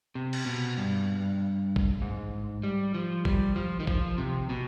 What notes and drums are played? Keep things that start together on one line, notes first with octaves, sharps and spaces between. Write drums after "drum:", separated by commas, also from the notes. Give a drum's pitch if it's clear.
C3
drum: cymbal
B2
G2
drum: kick A1
G#2
G3
F3
G3, drum: kick A1
F3
D#3
F3, drum: kick A1
C3
B2